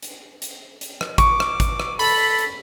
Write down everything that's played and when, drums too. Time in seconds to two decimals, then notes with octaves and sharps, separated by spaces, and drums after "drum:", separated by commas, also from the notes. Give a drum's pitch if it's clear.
0.03 drum: hi-hat
0.42 drum: hi-hat
0.81 drum: hi-hat
1.01 drum: rim click
1.18 C#6 D6, drum: kick, hi-hat
1.40 drum: rim click
1.60 drum: kick, hi-hat
1.80 drum: rim click
1.99 A4 B5, drum: open hi-hat
2.39 drum: hi-hat